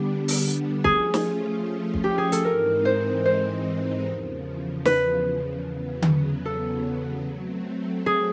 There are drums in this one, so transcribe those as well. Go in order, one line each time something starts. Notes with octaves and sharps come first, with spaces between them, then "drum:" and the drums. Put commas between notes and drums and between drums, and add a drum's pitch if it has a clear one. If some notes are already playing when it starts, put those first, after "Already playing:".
Already playing: D3 G3 B3 D4 G4
drum: open hi-hat
F3 A3 C#4 F4 G#4, drum: kick
drum: snare
drum: kick
G4
G#4
A4, drum: hi-hat
G#2 E3 G#3 C4 D#4 A#4
C5
C5
E2 C#3 F3
B4, drum: snare
E2 C#3 F#3 B3
drum: tom D3
A4
F#3 A3 C4
G#4